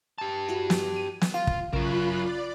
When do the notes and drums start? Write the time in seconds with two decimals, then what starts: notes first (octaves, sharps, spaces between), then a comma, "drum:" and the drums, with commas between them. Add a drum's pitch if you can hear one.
0.18 G4 A5
0.49 E4 F#4
0.70 drum: snare
0.96 D#7
1.21 drum: snare
1.34 F4 F5
1.47 drum: kick
1.73 A#1 C#3 F#3 F4 A#4 B5 F#6
2.22 D5 D6 A6